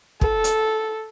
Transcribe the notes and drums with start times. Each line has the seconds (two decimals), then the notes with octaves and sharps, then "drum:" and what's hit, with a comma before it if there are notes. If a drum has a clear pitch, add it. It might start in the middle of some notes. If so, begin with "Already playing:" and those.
0.21 A4, drum: kick
0.44 drum: hi-hat